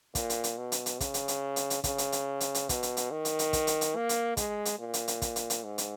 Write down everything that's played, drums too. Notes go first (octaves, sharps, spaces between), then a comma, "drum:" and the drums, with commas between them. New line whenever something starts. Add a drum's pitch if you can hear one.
A#2, drum: kick, hi-hat
drum: hi-hat
drum: hi-hat
B2
drum: hi-hat
drum: hi-hat
C#3, drum: kick, hi-hat
drum: hi-hat
drum: hi-hat
drum: hi-hat
drum: hi-hat
C#3, drum: kick, hi-hat
drum: hi-hat
drum: hi-hat
drum: hi-hat
drum: hi-hat
B2, drum: kick, hi-hat
drum: hi-hat
drum: hi-hat
D#3
drum: hi-hat
drum: hi-hat
drum: kick, hi-hat
drum: hi-hat
drum: hi-hat
A#3
drum: hi-hat
G#3, drum: kick, hi-hat
drum: hi-hat
A#2
drum: hi-hat
drum: hi-hat
drum: kick, hi-hat
drum: hi-hat
drum: hi-hat
G#2
drum: hi-hat